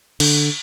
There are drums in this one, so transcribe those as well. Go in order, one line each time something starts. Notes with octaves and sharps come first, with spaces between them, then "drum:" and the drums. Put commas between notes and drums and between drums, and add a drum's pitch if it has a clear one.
D3, drum: cymbal